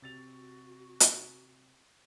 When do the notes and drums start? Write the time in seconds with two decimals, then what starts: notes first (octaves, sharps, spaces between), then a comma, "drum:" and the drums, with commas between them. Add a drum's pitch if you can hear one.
0.02 C3 F#4 A6 F7
1.00 drum: hi-hat